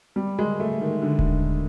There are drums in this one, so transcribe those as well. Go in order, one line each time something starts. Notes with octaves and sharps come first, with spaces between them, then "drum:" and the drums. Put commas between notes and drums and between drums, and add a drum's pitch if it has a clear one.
G3
G#3
A3
D#3
D3
drum: kick D#1